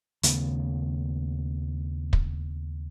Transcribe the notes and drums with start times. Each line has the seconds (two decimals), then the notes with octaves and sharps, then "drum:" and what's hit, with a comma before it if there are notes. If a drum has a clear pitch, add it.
0.23 D#2 C#3 A3 B3, drum: hi-hat
2.13 drum: kick